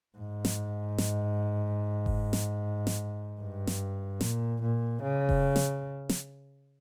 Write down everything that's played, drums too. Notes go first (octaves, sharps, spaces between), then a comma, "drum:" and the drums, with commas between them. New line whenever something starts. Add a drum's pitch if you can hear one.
G#2
drum: snare
drum: snare
drum: kick F#1
drum: snare
drum: snare
G2
drum: snare
A#2, drum: snare
A#2
C#3
drum: kick F#1
drum: snare
drum: snare